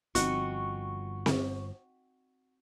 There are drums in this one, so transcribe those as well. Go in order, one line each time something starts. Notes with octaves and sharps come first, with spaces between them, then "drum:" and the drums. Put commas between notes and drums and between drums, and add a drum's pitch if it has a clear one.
G1 F3 C4 D#4 F#4 C#6, drum: hi-hat
drum: snare C4